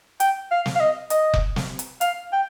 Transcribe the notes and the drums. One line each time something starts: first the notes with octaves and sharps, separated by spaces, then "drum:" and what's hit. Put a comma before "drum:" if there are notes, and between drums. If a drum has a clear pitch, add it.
G5, drum: hi-hat
F5
drum: snare
F5
D#5
D#5, drum: hi-hat
drum: kick F1
drum: snare
drum: hi-hat
F5, drum: hi-hat
G5